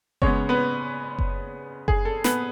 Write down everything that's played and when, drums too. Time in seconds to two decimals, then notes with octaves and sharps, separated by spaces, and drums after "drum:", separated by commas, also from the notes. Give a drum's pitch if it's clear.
0.22 C#3 G#3 B3 C#4 C#5, drum: kick F#1
0.49 B3 B4
1.19 drum: kick F#1
1.88 G#4, drum: kick F#1
2.05 A4
2.24 B3 B4, drum: snare